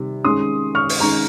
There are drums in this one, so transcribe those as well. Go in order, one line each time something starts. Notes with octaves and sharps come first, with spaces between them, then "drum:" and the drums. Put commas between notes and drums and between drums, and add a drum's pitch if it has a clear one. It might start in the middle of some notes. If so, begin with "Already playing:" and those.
Already playing: C3 D#3 G3
D#3 G#3 C#4 C6 D#6
C#6 F6
drum: open hi-hat
D#3 G#3 C#4 A#5 C#6